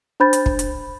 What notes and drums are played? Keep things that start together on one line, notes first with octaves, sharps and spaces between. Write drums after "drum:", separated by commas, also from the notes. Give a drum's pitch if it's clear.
D4 C5 B5 G6 A6
drum: hi-hat
drum: kick
drum: hi-hat